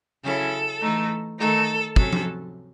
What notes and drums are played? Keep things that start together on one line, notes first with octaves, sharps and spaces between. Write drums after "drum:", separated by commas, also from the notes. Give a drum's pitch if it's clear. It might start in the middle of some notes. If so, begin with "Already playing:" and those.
C#3 F#3 C#4 E4 A4
E3 A3 D#4
D#3 A3 D#4 A4
C3 F#3 C#4 A4, drum: kick
drum: tom F3